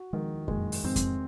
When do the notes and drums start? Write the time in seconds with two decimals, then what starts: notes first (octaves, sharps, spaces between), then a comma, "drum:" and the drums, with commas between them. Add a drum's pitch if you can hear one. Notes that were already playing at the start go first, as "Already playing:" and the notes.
Already playing: F#4
0.13 D#3 F3 G#3
0.48 F#2 A#2 G#3, drum: kick F2
0.72 drum: open hi-hat
0.84 F2 G#2 C4
0.96 drum: kick F2, hi-hat